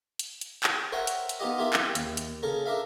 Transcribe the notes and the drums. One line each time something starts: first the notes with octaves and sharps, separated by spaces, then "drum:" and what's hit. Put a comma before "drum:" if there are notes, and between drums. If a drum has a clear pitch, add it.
drum: hi-hat
drum: hi-hat
drum: clap
A#4 C5 C#5 E5 F#5 G5
drum: hi-hat
drum: hi-hat
B3 D#4 F4 G4 D#5
E4 F4 G4 A#4 E5
drum: clap
D#2, drum: hi-hat
drum: hi-hat
C#3 A4 A#4
D4 A#4 E5 F5